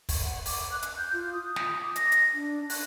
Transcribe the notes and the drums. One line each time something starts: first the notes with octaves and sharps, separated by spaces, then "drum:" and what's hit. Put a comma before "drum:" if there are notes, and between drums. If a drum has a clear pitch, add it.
drum: kick, open hi-hat
F#5
D6, drum: open hi-hat
F#6
drum: hi-hat
G6
F4
D#6
drum: snare
D6
A#6, drum: hi-hat
drum: hi-hat
D4
F#6, drum: open hi-hat